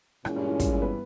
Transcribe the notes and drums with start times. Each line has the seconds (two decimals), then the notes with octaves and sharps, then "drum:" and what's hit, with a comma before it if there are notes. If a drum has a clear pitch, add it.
0.25 A#2 E3 G#3 C#4, drum: rim click
0.36 G2 G3
0.48 E3
0.60 G2 G3, drum: kick, hi-hat
0.71 E3 E4
0.82 B3 B4